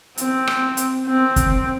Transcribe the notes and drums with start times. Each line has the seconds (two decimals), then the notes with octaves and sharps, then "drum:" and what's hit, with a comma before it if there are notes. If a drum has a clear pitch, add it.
0.18 C4, drum: hi-hat
0.47 drum: rim click
0.77 drum: hi-hat
1.07 C4
1.36 drum: kick, hi-hat